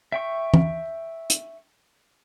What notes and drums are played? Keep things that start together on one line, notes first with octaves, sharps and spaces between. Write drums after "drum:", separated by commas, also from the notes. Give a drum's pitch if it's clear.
E5 G5 C#6
drum: tom E3
drum: hi-hat